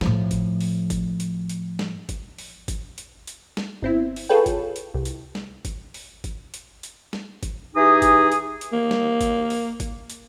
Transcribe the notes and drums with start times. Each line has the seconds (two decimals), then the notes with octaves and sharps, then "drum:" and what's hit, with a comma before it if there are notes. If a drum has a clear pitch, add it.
0.01 A2 F3, drum: snare
0.31 drum: kick, hi-hat
0.61 drum: open hi-hat
0.90 drum: kick, hi-hat
1.20 drum: hi-hat
1.49 drum: hi-hat
1.79 drum: snare
2.09 drum: kick, hi-hat
2.38 drum: open hi-hat
2.68 drum: kick, hi-hat
2.98 drum: hi-hat
3.27 drum: hi-hat
3.57 drum: snare
3.82 G1 C4 E4
4.16 drum: open hi-hat
4.29 F4 G#4 A4 B4 C#5 G5
4.46 drum: kick, hi-hat
4.76 drum: hi-hat
4.94 C2
5.05 drum: hi-hat
5.35 drum: snare
5.65 drum: kick, hi-hat
5.94 drum: open hi-hat
6.24 drum: kick, hi-hat
6.54 drum: hi-hat
6.83 drum: hi-hat
7.13 drum: snare
7.43 drum: kick, hi-hat
7.76 E3 D#4 G4 G#4 D#6
8.02 drum: kick, hi-hat
8.32 drum: hi-hat
8.61 drum: hi-hat
8.73 A#3
8.91 drum: snare
9.21 drum: kick, hi-hat
9.50 drum: open hi-hat
9.80 drum: kick, hi-hat
10.10 drum: hi-hat